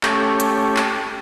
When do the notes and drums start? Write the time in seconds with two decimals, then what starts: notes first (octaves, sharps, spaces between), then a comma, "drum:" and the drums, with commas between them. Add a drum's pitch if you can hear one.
0.03 A3 C#4 G4, drum: clap
0.40 drum: hi-hat
0.76 drum: clap